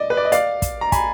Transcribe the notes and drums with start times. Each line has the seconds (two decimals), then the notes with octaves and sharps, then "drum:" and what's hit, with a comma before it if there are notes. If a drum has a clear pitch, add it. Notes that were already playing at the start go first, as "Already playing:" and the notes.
Already playing: D5 D#5
0.10 B4
0.17 D5
0.25 D#5
0.32 D5 F5, drum: hi-hat
0.62 drum: kick, hi-hat
0.81 A#5
0.92 G#5 B5, drum: kick, hi-hat